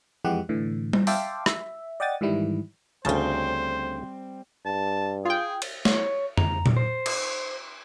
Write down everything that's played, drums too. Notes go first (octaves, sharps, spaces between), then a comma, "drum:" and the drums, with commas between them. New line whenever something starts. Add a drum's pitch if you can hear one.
F2 E3 G#3 G4 F#5
A2 D3 E3
drum: tom G3
E5 F5 G5 A5 C6 D6, drum: open hi-hat
E5, drum: rim click
D5 D#5 F#5 G5 D#6 A6
G#2 D#3 E3 G3 E4
D2 C#3 G3 C4 C5 A5
G2 A5
F4 G#4 G5
drum: cymbal
C#5, drum: snare
A#5, drum: tom F2
drum: tom A#2
C5
drum: cymbal